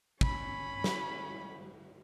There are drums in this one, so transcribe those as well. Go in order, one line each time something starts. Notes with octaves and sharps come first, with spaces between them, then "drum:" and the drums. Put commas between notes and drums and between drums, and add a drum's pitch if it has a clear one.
C#4 B5, drum: kick
drum: snare